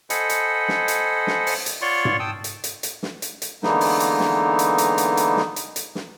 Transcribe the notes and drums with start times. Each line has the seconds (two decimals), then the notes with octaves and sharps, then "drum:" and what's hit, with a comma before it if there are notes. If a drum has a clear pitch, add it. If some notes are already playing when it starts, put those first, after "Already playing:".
0.10 A4 C5 D#5 F#5 G#5 B5, drum: hi-hat
0.29 drum: hi-hat
0.69 drum: snare
0.88 drum: hi-hat
1.27 drum: snare
1.47 drum: open hi-hat
1.66 drum: hi-hat
1.82 F4 C#5 D5 F#5 C6 C#6
2.05 drum: tom G#2
2.20 G5 A5 D#6 E6
2.44 drum: hi-hat
2.64 drum: hi-hat
2.83 drum: hi-hat
3.03 drum: snare
3.22 drum: hi-hat
3.42 drum: hi-hat
3.63 D3 E3 G#3 A#3 B3 D#4, drum: snare
3.81 drum: open hi-hat
4.00 drum: hi-hat
4.20 drum: snare
4.59 drum: hi-hat
4.78 drum: hi-hat
4.98 drum: hi-hat
5.17 drum: hi-hat
5.37 drum: snare
5.56 drum: hi-hat
5.76 drum: hi-hat
5.95 drum: snare